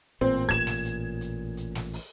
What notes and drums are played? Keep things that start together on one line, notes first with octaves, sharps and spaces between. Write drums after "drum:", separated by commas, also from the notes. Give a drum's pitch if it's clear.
A1 A#2 C4
G#6 E7, drum: kick, hi-hat
drum: snare
drum: hi-hat
drum: hi-hat
drum: hi-hat
drum: snare
drum: open hi-hat